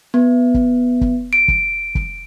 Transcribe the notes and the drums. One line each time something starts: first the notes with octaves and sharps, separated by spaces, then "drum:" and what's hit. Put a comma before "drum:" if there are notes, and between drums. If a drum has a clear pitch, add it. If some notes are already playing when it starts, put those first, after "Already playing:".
B3
drum: kick
drum: kick
D7
drum: kick
drum: kick